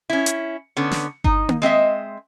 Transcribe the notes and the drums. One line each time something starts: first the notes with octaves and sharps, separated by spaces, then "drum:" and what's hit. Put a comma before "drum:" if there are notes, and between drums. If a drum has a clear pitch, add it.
C#4 E4
drum: hi-hat
D3 B3 C#4
drum: snare
D#4, drum: kick G1
drum: tom A#3
G#3 C4 D#5 E5